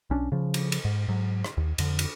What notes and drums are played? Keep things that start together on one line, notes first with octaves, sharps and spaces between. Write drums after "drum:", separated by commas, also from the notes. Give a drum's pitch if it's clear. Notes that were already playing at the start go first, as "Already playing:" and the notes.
B1 C#4 D4
C#3 F3
drum: cymbal
drum: cymbal
G#2
G#2 F#3
drum: rim click
D#2
F2 D3, drum: cymbal
drum: cymbal